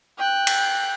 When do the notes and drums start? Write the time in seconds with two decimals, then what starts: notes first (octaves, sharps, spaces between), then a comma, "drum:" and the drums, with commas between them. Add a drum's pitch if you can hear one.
0.18 G5 F#6
0.47 drum: cymbal